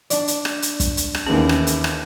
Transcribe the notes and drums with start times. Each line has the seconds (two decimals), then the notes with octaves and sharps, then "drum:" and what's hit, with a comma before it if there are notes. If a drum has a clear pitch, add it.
0.10 D4 D5, drum: hi-hat
0.28 drum: hi-hat
0.45 drum: rim click
0.62 drum: hi-hat
0.80 drum: kick, hi-hat
0.97 drum: hi-hat
1.15 drum: rim click
1.27 D#2 D#3 E3 B3 C#4 G#4
1.49 drum: rim click
1.67 drum: hi-hat
1.84 drum: rim click